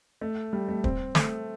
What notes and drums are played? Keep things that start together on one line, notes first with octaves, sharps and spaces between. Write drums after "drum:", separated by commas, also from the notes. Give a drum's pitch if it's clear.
A3
G3
A3
C4, drum: kick
A3, drum: snare